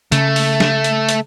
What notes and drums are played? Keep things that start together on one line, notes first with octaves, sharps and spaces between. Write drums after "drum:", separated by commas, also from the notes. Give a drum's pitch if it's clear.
C#3 A3, drum: hi-hat
drum: open hi-hat
drum: snare
drum: hi-hat
drum: hi-hat